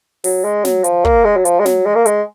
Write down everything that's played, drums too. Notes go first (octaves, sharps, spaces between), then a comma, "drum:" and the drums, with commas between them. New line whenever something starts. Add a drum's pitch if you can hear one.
F#3, drum: open hi-hat
G#3
F#3, drum: snare
F3, drum: hi-hat
A#3, drum: kick
G#3
F#3
F3, drum: hi-hat
G#3
F#3, drum: snare
G#3
A#3
G#3, drum: hi-hat